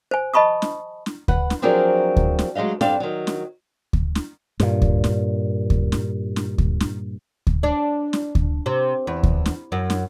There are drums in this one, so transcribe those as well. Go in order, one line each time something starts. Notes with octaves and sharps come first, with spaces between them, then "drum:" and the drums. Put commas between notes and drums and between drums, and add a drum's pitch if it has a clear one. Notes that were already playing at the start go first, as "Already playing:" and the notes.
C5 G#5
D#5 A5 B5 C#6 D#6
drum: snare
drum: snare
B4 F#5, drum: kick D2
drum: snare
F3 F#3 C4 D4 G#4 A#4
drum: kick D2
drum: snare
F#3 G#3 A3 D#5 F5
G2 C4 D4 A4 F5, drum: snare
D#3 F#3
drum: snare
drum: kick D2
drum: snare
G2 A#2, drum: snare
drum: kick D2
drum: snare
drum: kick D2
drum: snare
drum: snare
drum: kick D2
drum: snare
drum: kick D2
D4
drum: snare
drum: kick D2
C3
E2
drum: kick D2
drum: snare
F#2
drum: snare